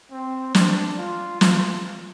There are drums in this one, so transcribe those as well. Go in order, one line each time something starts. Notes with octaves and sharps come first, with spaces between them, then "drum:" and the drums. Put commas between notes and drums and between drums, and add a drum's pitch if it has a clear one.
C4
D4, drum: snare
F4
F4, drum: snare